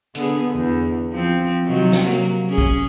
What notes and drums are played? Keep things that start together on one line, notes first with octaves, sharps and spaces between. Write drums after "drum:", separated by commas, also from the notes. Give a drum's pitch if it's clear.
D3 B3 G#4, drum: hi-hat
E2
F3 C4
C3 D#3 F#3
drum: snare
F#3 A#3
C#4 G#4
drum: kick